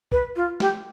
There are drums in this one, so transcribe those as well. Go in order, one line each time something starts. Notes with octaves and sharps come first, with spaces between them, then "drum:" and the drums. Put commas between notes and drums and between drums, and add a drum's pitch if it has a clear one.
B4, drum: kick
F4
G4, drum: snare